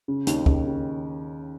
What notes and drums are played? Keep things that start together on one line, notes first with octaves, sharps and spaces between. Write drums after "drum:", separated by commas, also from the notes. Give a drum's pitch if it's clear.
C#3
D#2 D#3, drum: hi-hat
C#3, drum: kick
C#3